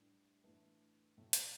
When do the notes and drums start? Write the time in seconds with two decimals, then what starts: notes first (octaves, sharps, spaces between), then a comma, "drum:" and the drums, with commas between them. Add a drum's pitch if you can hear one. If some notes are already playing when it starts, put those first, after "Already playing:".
Already playing: A2 G3 D4 G4 B4
0.43 A2 E3 A3 D4 B4
1.17 B1 A2 A3
1.33 drum: hi-hat